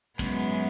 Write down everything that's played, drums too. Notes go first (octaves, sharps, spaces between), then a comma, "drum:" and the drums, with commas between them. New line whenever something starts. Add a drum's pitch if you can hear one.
F#2 G#3 B3, drum: kick